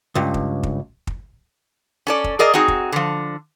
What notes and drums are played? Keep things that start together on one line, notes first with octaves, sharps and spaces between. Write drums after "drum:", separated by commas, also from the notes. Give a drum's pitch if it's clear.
C#2 G2
drum: kick
drum: kick
drum: kick
C#4 A4 D5
drum: kick
G#4 A#4 D5 D#5
C4 D#4 F#4 G#4
drum: kick
D3 F3